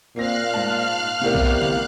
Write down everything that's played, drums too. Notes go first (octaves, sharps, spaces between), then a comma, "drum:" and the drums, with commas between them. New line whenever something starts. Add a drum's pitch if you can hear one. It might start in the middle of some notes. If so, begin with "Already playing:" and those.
A#2 A#3 C4 F5 F6 F#6 A#6
G#2 A5
A2 C3 B3 G4 A#4 D5
drum: kick B1
drum: tom D3